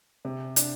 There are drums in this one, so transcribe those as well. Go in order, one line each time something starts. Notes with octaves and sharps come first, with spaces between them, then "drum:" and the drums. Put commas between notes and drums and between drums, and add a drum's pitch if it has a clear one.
C3
D4, drum: hi-hat